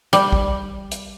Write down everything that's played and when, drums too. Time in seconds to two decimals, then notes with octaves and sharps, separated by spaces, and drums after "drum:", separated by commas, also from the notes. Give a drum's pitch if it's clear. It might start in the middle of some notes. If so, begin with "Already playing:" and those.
0.13 G3, drum: hi-hat
0.32 drum: kick
0.91 drum: hi-hat